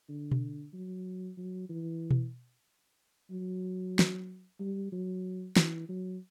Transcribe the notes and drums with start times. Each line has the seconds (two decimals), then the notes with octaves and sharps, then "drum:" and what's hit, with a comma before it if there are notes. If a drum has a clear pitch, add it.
0.09 D3
0.31 drum: tom B2
0.73 F#3
1.37 F#3
1.69 E3
2.11 drum: tom B2
3.31 F#3
3.99 drum: snare
4.60 G3
4.92 F#3
5.57 E3, drum: snare
5.89 F#3